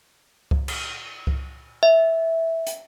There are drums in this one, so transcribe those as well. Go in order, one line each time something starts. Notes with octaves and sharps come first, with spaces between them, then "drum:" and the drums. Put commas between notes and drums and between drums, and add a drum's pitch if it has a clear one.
drum: kick C#2
drum: cymbal
drum: kick C#2
E5
drum: hi-hat